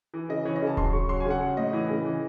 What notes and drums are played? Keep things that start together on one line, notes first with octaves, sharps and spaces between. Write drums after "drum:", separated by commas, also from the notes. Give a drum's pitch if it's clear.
E3
C#3 D#5
E3 C#5
D#5
C#3
A5
F#3 C6, drum: kick D#1
C#3 C#6
F#3 C6
G#5
C#3 F#5
F#3 F#5
A2 D#5
E3
C#3
E3